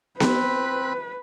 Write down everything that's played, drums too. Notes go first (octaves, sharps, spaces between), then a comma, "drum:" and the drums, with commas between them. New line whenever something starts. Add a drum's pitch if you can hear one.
C4 B4 B5 F#6, drum: snare B3